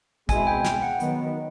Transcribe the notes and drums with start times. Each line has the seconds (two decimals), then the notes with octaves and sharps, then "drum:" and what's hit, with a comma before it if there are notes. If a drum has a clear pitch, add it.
0.29 B2 G#3 C4 E4 G#4 G#5, drum: kick, hi-hat
0.47 G5
0.64 G5, drum: snare
0.82 F#5
1.00 D#3 F#3 B3, drum: hi-hat